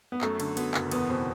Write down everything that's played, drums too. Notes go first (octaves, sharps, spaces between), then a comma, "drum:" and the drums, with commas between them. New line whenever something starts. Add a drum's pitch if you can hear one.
B3
F#2 A3, drum: clap
D3, drum: cymbal
F#3 B3, drum: cymbal
F#1, drum: clap
E2 B3, drum: cymbal
B2 C4